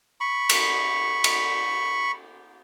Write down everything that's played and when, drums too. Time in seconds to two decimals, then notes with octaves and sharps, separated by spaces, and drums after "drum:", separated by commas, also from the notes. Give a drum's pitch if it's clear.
0.20 B5 C#6
0.49 drum: cymbal
1.24 drum: cymbal